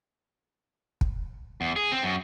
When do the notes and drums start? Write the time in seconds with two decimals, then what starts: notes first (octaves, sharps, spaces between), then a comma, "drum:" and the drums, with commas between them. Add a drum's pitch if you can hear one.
1.01 drum: kick
1.61 E2
1.76 G#4
1.92 C4
2.03 F#2